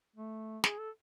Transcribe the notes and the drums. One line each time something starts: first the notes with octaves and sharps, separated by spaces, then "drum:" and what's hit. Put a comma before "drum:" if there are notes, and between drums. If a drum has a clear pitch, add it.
A3
G#4, drum: snare
A4